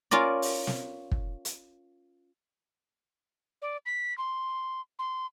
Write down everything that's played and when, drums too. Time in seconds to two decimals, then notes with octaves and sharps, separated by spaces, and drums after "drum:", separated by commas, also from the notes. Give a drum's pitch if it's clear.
0.11 C#4 F4 A#4 D5
0.42 drum: open hi-hat
0.67 drum: snare
1.12 drum: kick
1.45 drum: hi-hat
3.62 D5
3.86 B6
4.18 C6
4.99 C6